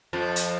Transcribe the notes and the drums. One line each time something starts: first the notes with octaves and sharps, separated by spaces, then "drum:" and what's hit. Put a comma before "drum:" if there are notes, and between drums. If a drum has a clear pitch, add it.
F2 F3
drum: hi-hat